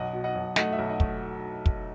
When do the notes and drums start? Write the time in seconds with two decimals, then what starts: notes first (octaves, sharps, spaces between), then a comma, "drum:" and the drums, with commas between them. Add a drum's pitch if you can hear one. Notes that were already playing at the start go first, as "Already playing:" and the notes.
Already playing: B1 D#5 F#5
0.13 B2
0.24 D#5 F#5
0.35 B1
0.56 A3 D#5 F#5, drum: snare
0.72 E5
0.78 B1
0.89 D#5 F#5
1.00 A3, drum: kick
1.66 drum: kick